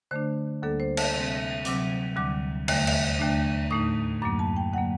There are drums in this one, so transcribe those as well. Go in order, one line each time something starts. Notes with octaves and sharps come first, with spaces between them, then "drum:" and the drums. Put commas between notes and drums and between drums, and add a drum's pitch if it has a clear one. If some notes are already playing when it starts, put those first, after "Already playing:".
D3 A3 D4 C5
D2 D3 G3 A#3 D4 A4
C5
A5, drum: cymbal
C3 G3 C4
C3 F#3 C4 D6, drum: hi-hat
D2 D3 G3 D6
D#2 D3 A3, drum: cymbal
drum: cymbal
D#2 D3 A3 D4
A2 A3 D#4 D#6
F#2 F#3 A#3 D6
A5
G5
D3 F#3 A#3 F#5